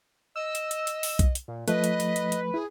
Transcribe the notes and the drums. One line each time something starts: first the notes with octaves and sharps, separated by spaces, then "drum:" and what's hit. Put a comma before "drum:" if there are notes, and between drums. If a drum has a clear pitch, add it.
D#5 E6
drum: hi-hat
drum: hi-hat
drum: hi-hat
drum: open hi-hat
drum: kick B1, hi-hat
drum: hi-hat
A#2
F3 A3 B4 D#5, drum: hi-hat
drum: hi-hat
drum: hi-hat
drum: hi-hat
drum: hi-hat
E4 G#4